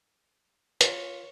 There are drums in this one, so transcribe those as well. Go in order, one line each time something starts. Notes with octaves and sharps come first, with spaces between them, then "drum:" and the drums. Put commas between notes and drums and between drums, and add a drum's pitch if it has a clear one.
F4 C#5, drum: hi-hat